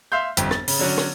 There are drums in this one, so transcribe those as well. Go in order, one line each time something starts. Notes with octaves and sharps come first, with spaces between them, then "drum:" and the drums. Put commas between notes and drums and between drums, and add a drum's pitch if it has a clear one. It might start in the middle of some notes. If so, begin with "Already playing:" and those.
E5 F5 C6 G6
G1 F2, drum: hi-hat
A6, drum: rim click
C#3, drum: open hi-hat
D3 F#3 C#4
drum: rim click